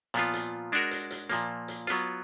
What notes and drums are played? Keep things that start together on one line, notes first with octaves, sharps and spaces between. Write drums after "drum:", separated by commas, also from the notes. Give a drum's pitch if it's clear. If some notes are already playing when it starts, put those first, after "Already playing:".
A#2 F3 B3 F4, drum: hi-hat
drum: hi-hat
G#3 D4 F#4 A#4
drum: hi-hat
drum: hi-hat
A#2 F3 A#3, drum: hi-hat
drum: hi-hat
F#3 B3 F4, drum: hi-hat